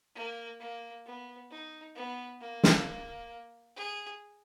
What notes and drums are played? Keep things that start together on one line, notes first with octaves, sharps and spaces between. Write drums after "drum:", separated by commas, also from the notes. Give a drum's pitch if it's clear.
A#3
A#3
B3
D#4
B3
A#3
drum: snare
G#4